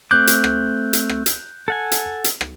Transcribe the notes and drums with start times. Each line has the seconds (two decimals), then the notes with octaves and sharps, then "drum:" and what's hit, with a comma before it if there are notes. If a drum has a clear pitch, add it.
0.11 A3 C4 D6 F#6 G6
0.27 drum: hi-hat
0.44 drum: rim click
0.93 drum: hi-hat
1.09 drum: rim click
1.26 drum: hi-hat
1.68 A4 F#5 G#5
1.91 drum: hi-hat
2.24 drum: hi-hat
2.41 drum: rim click